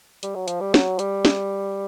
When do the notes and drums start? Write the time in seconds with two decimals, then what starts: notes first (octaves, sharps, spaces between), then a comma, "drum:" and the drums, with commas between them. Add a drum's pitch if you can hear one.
0.23 G3, drum: hi-hat
0.35 F#3
0.48 F3, drum: hi-hat
0.61 G3
0.74 F#3, drum: snare
0.99 G3, drum: hi-hat
1.25 drum: snare